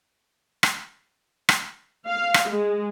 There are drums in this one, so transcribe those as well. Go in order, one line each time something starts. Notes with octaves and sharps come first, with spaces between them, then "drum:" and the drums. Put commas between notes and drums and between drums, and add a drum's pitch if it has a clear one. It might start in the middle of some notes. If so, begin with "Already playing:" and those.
drum: rim click
drum: rim click
F5
drum: rim click
G#3